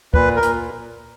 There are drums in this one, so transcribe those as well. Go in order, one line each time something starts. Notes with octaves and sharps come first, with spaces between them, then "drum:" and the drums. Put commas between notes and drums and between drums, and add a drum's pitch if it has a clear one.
A#2 B4, drum: kick
A#4
A#2, drum: hi-hat